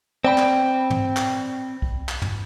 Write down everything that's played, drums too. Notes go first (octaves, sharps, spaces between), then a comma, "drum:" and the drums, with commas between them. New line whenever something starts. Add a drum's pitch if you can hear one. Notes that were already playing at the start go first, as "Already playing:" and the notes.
C4 D5 G5 B5
drum: clap
drum: tom
drum: clap
drum: kick
drum: clap
drum: tom